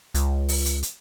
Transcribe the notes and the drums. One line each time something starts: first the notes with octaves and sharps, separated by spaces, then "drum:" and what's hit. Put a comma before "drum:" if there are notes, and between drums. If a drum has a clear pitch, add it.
C#2, drum: hi-hat
drum: open hi-hat
drum: hi-hat
drum: hi-hat